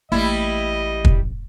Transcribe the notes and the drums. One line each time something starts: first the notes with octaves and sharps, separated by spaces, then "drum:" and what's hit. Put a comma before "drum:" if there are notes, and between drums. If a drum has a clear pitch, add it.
A1 G3 A3 A#3 E4 D#5
drum: kick